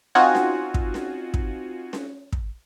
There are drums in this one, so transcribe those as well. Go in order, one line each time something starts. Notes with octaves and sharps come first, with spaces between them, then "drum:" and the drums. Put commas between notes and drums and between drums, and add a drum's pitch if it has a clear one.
C4 D#4 F4 F#4 F#5 G#5
drum: snare C#4
drum: kick
drum: snare C#4
drum: kick
drum: snare C#4
drum: kick